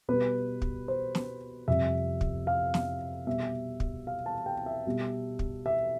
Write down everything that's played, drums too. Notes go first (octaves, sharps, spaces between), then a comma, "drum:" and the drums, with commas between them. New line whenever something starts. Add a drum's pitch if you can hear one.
B2 G3 B4
drum: kick
C5
drum: snare
F2 C3 G3 E5
drum: kick
F5
drum: snare
B2 G3 E5
drum: kick
F5
A5
G5
E5
B2 G3
drum: kick
E5